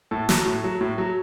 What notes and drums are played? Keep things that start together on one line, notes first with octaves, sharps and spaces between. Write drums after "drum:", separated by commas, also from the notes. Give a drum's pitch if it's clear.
A2 A4
F#3, drum: snare
A2
F#3
A2
F#3